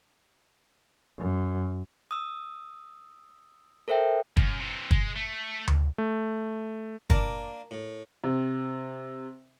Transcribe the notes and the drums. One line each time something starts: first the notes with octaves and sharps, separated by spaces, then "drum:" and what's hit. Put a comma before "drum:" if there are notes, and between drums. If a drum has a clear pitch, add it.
F#2
D#6 E6
A4 A#4 C5 E5 G5
F#2, drum: kick
C3 E3
G#3, drum: kick
A3
drum: tom D2
A3
A#3 D4 A#4 D5 A5, drum: kick
A2
C3